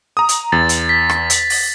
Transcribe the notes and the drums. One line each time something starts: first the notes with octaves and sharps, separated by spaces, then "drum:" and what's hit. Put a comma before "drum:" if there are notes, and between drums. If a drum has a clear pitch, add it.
A#5 D#6
drum: hi-hat
E2 A6
drum: hi-hat
B6
drum: rim click
drum: hi-hat
drum: open hi-hat